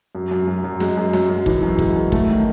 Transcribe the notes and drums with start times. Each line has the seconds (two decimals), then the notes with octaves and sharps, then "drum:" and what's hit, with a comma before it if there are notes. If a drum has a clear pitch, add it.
0.15 F#2
0.31 F#2
0.47 F#2
0.64 F#2
0.80 G#3, drum: snare
0.97 F#2
1.13 F#2, drum: snare
1.29 F#2
1.46 E3, drum: kick
1.63 F#2
1.79 G#3, drum: kick
1.96 F#2
2.12 A3, drum: kick
2.29 D#3